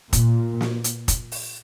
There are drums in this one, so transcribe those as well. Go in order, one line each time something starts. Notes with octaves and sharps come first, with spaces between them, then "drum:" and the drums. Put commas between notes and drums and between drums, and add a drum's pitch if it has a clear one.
A#2, drum: kick, hi-hat
drum: snare
drum: hi-hat
drum: kick, hi-hat
drum: open hi-hat